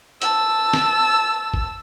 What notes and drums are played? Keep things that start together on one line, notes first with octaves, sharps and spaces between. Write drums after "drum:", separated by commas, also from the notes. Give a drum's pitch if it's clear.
A5 E6, drum: hi-hat
drum: snare
drum: kick